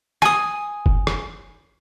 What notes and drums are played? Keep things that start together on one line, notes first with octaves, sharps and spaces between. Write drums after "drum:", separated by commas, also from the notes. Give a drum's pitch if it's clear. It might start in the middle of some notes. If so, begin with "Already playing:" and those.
G#5 D#6, drum: rim click
drum: kick
drum: rim click